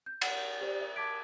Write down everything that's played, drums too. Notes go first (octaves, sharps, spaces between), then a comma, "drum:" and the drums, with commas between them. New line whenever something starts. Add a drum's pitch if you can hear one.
G6
F#5, drum: cymbal
G4 C5 D5
E5
A5 D6 G#6 B6 D7